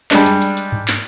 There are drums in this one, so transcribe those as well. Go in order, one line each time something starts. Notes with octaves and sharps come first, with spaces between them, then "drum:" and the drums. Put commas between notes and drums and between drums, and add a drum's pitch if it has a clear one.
G3 G#3 D4, drum: clap
drum: hi-hat
drum: hi-hat
drum: hi-hat
drum: tom G2
drum: clap